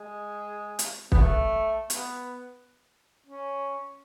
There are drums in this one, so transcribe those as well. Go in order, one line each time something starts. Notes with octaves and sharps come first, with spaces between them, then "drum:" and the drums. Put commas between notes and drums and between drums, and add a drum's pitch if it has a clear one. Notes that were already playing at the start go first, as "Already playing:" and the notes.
Already playing: G#3
drum: hi-hat
B3, drum: kick
A3
B3, drum: hi-hat
C#4